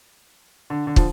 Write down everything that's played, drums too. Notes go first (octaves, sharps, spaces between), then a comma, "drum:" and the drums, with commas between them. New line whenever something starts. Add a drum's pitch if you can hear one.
D3
D3
F3, drum: kick